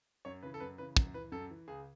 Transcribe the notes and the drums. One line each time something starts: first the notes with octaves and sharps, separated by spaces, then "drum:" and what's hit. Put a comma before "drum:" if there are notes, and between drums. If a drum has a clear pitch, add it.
F#2 C#5
C#3 E3 B4
A4
F#2 B4
C#3 E3 B4
F#2, drum: kick
E3 B4
F#2 A4
E3
C#2 G#4